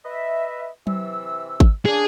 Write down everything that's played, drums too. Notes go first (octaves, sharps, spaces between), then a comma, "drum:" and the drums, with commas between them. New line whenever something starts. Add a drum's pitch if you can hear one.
B4 D#5 E5
C3 E3 E6, drum: tom F#3
drum: kick G#1
A#2 C#3 D4 G#4